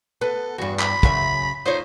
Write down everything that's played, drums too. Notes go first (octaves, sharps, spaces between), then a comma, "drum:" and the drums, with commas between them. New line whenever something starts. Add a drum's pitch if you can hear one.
B3 A4
E2 G2 F#4
B5, drum: clap
F#2 C#3 E5, drum: kick
D#4 F4 C5 C#5